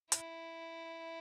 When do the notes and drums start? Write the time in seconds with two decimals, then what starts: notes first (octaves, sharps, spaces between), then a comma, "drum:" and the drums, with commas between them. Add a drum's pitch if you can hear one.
0.12 E4, drum: hi-hat